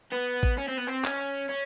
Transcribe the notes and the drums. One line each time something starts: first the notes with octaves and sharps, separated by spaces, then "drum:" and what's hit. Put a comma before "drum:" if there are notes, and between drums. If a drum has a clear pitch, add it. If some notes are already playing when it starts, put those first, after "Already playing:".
B3
drum: kick A1
C#4
C4
B3
C4
C#4, drum: clap
C#4